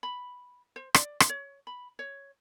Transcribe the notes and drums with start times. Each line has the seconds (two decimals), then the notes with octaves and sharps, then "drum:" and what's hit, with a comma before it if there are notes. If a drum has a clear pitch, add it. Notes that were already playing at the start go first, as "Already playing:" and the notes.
0.03 B5
0.76 C5
0.94 D5, drum: rim click
1.20 drum: rim click
1.30 C#5
1.67 B5
1.99 C#5